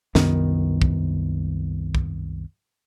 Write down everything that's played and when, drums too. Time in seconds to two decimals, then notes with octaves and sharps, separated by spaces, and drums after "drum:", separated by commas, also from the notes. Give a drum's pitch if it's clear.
0.15 C2 F#2 D#3 B3, drum: snare
0.82 drum: kick
1.95 drum: kick